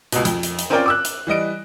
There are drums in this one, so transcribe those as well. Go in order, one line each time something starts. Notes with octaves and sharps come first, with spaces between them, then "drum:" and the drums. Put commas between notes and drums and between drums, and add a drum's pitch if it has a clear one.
C#2 B2, drum: hi-hat
F2, drum: hi-hat
drum: hi-hat
drum: hi-hat
C4 C#4 F4 A#4 D5 G5
D6 E6 F#6
drum: hi-hat
E3 G3 D#5 D7